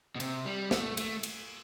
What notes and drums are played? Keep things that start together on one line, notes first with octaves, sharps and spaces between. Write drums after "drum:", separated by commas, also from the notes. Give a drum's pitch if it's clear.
B2
C3, drum: cymbal
G3
A3, drum: snare
A3, drum: cymbal
drum: cymbal